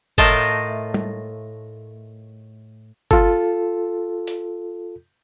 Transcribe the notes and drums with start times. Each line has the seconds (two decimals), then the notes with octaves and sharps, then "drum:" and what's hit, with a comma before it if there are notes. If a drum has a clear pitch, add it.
0.18 A2 A3 F4 A#4 D#5 A5, drum: kick G1
0.94 drum: tom
3.11 F4 A4, drum: kick G1
4.27 drum: hi-hat